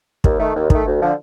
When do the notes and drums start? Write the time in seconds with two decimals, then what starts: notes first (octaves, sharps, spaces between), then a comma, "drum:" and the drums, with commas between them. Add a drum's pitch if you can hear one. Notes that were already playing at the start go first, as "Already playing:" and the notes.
0.24 D#2, drum: kick
0.39 D#3 A3
0.55 D#2
0.70 D#3 A3, drum: kick
0.86 D2
1.00 D3 F3